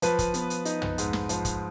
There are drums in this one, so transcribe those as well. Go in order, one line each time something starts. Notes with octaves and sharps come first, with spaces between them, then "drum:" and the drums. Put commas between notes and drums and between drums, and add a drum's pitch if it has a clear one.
F3 B4, drum: hi-hat
drum: kick, hi-hat
B3, drum: hi-hat
drum: hi-hat
D#4, drum: hi-hat
drum: tom
G#2, drum: hi-hat
drum: snare
F3, drum: hi-hat
drum: kick, hi-hat